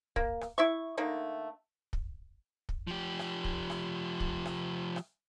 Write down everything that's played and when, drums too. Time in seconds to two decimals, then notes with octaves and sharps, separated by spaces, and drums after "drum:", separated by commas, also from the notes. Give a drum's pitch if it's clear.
0.16 A#3, drum: kick
0.41 drum: rim click
0.58 E4 E5 C#6
0.97 D3 A3 A#3 D#4
1.93 drum: kick
2.69 drum: kick
2.87 F3 G4
3.19 drum: rim click
3.44 drum: kick
3.70 drum: rim click
4.20 drum: kick
4.46 drum: rim click
4.96 drum: rim click